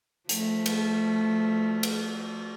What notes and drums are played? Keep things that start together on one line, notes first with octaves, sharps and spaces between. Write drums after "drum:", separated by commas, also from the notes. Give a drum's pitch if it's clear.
F3 A3, drum: hi-hat
drum: cymbal
drum: cymbal